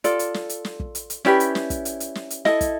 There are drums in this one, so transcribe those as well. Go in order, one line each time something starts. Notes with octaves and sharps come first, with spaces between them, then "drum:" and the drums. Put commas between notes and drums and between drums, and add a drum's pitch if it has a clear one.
F4 A4 D5, drum: hi-hat
drum: hi-hat
drum: snare
drum: hi-hat
drum: snare
drum: kick
drum: hi-hat
drum: hi-hat
C#4 E4 G4 B4 D5, drum: snare
drum: hi-hat
drum: snare
drum: kick, hi-hat
drum: hi-hat
drum: hi-hat
drum: snare
drum: hi-hat
E4 A4 D#5, drum: snare
drum: kick, hi-hat